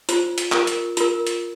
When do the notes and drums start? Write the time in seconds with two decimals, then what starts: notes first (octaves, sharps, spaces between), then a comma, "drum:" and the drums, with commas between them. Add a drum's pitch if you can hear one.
0.09 F4 C5, drum: hi-hat
0.38 drum: hi-hat
0.52 F4 A#4, drum: clap
0.67 drum: hi-hat
0.97 F4 A#4, drum: hi-hat
1.27 drum: hi-hat